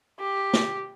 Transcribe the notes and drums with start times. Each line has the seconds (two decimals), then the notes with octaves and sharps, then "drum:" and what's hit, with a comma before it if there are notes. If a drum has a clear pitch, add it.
0.19 G4
0.54 drum: snare